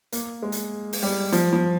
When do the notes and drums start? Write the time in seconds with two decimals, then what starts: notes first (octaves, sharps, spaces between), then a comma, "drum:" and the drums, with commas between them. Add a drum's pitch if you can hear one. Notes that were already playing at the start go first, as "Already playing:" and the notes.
0.12 A#3, drum: hi-hat
0.42 G#3
0.52 drum: hi-hat
0.93 drum: open hi-hat
1.03 G3
1.32 F3, drum: hi-hat
1.53 F3